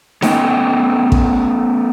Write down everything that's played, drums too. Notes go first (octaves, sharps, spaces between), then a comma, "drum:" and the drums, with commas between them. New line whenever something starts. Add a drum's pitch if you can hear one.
A3 B3 C#4 D#5 G5 G#5, drum: snare D#4
drum: kick